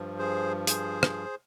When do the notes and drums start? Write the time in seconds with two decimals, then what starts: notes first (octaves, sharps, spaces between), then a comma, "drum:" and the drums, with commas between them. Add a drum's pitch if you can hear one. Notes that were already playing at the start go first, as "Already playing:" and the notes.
Already playing: G2 F3
0.19 G#4 C5
0.67 G#4 C5, drum: hi-hat
1.03 drum: rim click